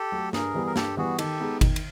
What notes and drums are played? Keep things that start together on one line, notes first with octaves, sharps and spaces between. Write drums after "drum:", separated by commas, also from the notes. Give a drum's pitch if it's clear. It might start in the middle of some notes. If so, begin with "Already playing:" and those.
Already playing: G4 A4
F#3 A3
G2 G#4 A#4, drum: snare
E3 G3 B3
A#4
G2 G4 A4, drum: snare
E3 G3 B3 F#4 G#4
D#3 G4 A4, drum: cymbal
G#3 B3 D#4
D#3, drum: kick G1, cymbal
drum: cymbal